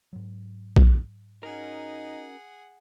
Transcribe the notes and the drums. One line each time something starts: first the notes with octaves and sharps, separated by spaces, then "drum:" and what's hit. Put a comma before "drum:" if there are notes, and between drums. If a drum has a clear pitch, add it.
G#2 F#3
drum: kick A#1
C#4 D#4 F#4 G#4 A#4 F#5